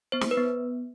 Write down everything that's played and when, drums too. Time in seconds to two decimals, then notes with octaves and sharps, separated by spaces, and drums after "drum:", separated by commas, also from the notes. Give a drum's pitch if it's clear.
0.12 B3 C5
0.21 drum: snare
0.31 B4
0.37 B3